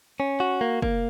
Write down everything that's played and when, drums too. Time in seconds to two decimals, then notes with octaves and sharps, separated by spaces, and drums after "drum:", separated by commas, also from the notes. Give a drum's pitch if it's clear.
0.20 C#4
0.40 F#4
0.61 A#3
0.82 A#3, drum: kick